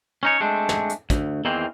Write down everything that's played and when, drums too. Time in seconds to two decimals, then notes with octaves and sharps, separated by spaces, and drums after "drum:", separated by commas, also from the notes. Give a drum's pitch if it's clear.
0.23 C#4 D#4 C#5
0.40 G#3 A3 C4 D4
0.69 drum: snare
0.89 drum: hi-hat
1.10 D2, drum: kick, hi-hat
1.45 E2 D#3 E3 A#3 C4